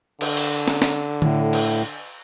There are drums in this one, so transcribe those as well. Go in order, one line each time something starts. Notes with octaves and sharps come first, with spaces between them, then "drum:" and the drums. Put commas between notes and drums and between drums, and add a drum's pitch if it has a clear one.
D3, drum: cymbal
drum: cymbal
drum: snare
drum: snare
A2, drum: tom D3
drum: cymbal